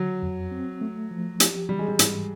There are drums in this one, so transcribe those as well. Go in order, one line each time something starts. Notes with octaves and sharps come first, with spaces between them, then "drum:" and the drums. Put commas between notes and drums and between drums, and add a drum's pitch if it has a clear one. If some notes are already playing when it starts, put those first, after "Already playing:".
Already playing: D3 F#3
F2
C4
A3
F3
G4, drum: hi-hat
E3 G3
G#3
G3
G#2, drum: hi-hat